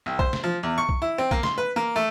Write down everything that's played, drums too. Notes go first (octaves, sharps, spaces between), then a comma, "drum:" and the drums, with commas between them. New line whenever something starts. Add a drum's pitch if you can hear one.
C2
C5, drum: kick
drum: snare
F3
E2
C#6
drum: kick
E4
C4
A#3, drum: kick
C6, drum: snare
B4
A#3
A3